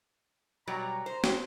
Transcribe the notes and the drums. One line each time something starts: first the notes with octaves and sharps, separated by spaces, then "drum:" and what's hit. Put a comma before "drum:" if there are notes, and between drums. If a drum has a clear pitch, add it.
B2 F#3 G3 A#5
C5
drum: snare